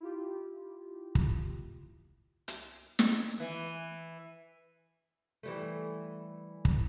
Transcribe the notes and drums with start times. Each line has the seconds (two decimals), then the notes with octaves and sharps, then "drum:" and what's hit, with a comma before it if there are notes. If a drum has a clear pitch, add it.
0.01 E4 F4 G4
1.15 drum: kick
2.48 drum: hi-hat
2.99 drum: snare
3.40 E3
5.43 E3 G3 A3
6.65 drum: kick